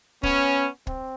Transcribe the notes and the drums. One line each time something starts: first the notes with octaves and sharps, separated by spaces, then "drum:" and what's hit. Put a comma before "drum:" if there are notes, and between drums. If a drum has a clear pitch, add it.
B3 C#4, drum: kick
C4, drum: kick